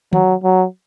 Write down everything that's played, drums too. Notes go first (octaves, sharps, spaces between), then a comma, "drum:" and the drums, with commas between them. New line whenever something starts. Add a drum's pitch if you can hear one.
F#3, drum: tom D#3
F#3